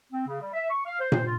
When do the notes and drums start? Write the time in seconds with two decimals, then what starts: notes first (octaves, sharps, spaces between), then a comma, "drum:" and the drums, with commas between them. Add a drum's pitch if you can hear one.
0.12 C4
0.27 C#3
0.40 G3
0.53 E5
0.70 C#6
0.86 F5
1.00 C5
1.12 C5, drum: tom A#2
1.26 F4